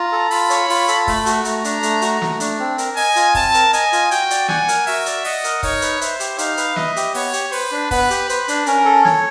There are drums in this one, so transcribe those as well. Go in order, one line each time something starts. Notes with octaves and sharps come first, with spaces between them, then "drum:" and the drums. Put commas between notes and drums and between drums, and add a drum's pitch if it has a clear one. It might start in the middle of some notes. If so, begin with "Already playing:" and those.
Already playing: F4 A#5
A4
F4 B5, drum: open hi-hat
C#5, drum: hi-hat
F4, drum: open hi-hat
A4, drum: hi-hat
A3, drum: kick, open hi-hat
F#4, drum: hi-hat
A3 A#5, drum: hi-hat
D4, drum: hi-hat
A3, drum: hi-hat
F#4, drum: hi-hat
A3, drum: snare
D4, drum: hi-hat
C4
A#4, drum: hi-hat
D#5 G#5, drum: open hi-hat
F4, drum: hi-hat
C4 A5, drum: kick, open hi-hat
A#4, drum: hi-hat
D#5 G#5, drum: hi-hat
F4, drum: hi-hat
F#4 G5, drum: hi-hat
D5, drum: hi-hat
F#5 G#5, drum: snare
A#4, drum: hi-hat
F#4 E5, drum: open hi-hat
D5, drum: hi-hat
D#5 F#5, drum: open hi-hat
A#4, drum: hi-hat
D#4 C#5, drum: kick, open hi-hat
B4, drum: hi-hat
C5 E5, drum: hi-hat
G4, drum: hi-hat
D#4 F5, drum: hi-hat
B4, drum: hi-hat
D#5 E5, drum: snare
G4, drum: hi-hat
B3 C#5, drum: open hi-hat
G4, drum: hi-hat
B4 C5, drum: open hi-hat
D4
B3 B4, drum: kick, open hi-hat
G4, drum: hi-hat
B4 C5, drum: hi-hat
D4, drum: hi-hat
C#4 A#4, drum: hi-hat
A4
C#5, drum: snare